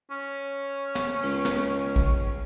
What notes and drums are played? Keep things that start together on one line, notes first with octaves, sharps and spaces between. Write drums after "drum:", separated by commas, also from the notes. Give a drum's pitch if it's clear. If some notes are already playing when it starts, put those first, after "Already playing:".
C#4
drum: snare
C#2, drum: cymbal
drum: snare
drum: kick A1